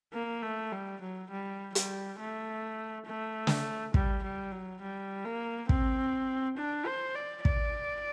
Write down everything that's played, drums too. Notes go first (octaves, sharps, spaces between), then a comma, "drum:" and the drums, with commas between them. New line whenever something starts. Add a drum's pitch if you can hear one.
A#3
A3
G3
F#3
G3
G3, drum: hi-hat
A3
A3
drum: snare
G3, drum: kick
G3
F#3
G3
A#3
C4, drum: kick
D4
C5
D5
D5, drum: kick